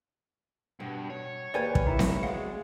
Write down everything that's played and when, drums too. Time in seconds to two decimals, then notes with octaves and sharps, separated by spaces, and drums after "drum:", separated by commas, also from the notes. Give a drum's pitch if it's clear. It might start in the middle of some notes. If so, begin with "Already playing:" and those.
0.80 G2 B2
1.10 C#5
1.54 D#2 A#3 G4 B4 D5 G#5 G#6
1.75 drum: kick
1.87 D#4 E4
1.99 drum: snare C4
2.23 G#3 F#4 D5 F5 C#7